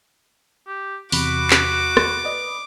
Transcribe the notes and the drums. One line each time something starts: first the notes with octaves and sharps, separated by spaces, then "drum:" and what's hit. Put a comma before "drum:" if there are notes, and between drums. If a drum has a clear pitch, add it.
G4
E2 C3 F#4 B5 D6, drum: open hi-hat
drum: clap
drum: rim click
B4 D5 D#5